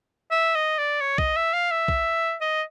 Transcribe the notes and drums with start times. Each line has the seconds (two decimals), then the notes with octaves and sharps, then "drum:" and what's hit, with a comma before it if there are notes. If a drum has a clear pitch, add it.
0.31 E5
0.55 D#5
0.78 D5
1.01 C#5
1.18 D#5, drum: kick
1.36 E5
1.53 F5
1.71 E5
1.88 drum: kick
2.41 D#5